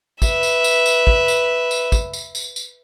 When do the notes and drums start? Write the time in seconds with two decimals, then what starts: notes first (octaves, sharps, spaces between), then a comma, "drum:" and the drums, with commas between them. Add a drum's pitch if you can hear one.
0.22 B4 E5, drum: kick, tambourine
0.43 drum: tambourine
0.64 drum: tambourine
0.86 drum: tambourine
1.07 drum: kick
1.28 drum: tambourine
1.71 drum: tambourine
1.92 drum: kick, tambourine
2.13 drum: tambourine
2.35 drum: tambourine
2.56 drum: tambourine